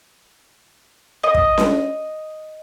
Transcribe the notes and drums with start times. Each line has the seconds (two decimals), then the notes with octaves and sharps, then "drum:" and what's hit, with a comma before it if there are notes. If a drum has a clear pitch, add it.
1.24 D#5
1.34 drum: kick
1.58 drum: snare C#4